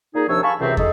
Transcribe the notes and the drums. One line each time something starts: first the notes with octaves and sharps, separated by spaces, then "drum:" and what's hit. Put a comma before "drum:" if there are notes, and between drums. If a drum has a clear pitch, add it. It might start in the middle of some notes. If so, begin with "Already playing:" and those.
A#2 D#4 G#4
D#2 C3 F3 D4 C#5 E6
F5 G#5 A5 B5 C#6
C#2 F#2 C3 E3 C4 E5
D#4 G#4 A4, drum: kick